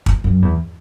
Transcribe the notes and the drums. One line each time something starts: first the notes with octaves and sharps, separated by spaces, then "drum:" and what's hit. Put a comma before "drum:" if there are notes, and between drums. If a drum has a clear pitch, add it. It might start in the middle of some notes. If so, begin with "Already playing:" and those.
drum: kick
F#2
E2